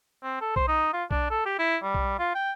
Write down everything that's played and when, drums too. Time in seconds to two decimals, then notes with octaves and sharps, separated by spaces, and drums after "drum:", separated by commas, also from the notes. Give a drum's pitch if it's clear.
0.23 C4
0.41 A4
0.56 C5, drum: kick B1
0.68 D#4
0.93 F4
1.11 D4, drum: kick B1
1.30 A4
1.45 G4
1.59 E4
1.82 G3
1.94 drum: kick B1
2.19 F4
2.35 G5